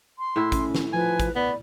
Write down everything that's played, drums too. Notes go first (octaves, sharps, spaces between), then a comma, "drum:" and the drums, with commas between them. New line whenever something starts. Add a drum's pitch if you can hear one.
C6
A2 E4
C#4, drum: kick, hi-hat
drum: snare
F3 B4 G#5
drum: kick, hi-hat
B3 D5 B5